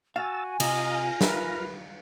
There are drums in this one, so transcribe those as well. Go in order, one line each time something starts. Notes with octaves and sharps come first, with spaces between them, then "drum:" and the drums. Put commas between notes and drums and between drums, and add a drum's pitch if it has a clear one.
F#4 F5 G#5 A5 E6
C3 F4 D#5 F5 A#5, drum: cymbal
A#4 B4 E5, drum: snare